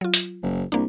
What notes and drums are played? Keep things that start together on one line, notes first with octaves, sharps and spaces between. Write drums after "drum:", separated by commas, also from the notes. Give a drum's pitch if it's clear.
F#3 F4
drum: hi-hat
F#1
C2 A#3 D4